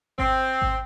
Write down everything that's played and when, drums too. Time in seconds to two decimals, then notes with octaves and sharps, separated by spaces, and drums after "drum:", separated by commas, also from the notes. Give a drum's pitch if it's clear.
0.19 C4, drum: kick G#1
0.62 drum: kick G#1